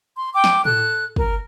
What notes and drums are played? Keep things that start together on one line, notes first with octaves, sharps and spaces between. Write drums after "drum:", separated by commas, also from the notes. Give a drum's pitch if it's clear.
C6
G5 D6
drum: snare
A4 F#6, drum: tom A2
A#4, drum: kick